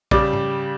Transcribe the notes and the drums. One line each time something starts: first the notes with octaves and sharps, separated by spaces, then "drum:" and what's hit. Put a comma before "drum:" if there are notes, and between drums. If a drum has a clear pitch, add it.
C#3 G3 D5, drum: kick
drum: tom G#2